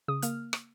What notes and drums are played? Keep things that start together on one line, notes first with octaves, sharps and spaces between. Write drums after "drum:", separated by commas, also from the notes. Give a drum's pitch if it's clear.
C#3 D#6
A#3 F6, drum: hi-hat
drum: rim click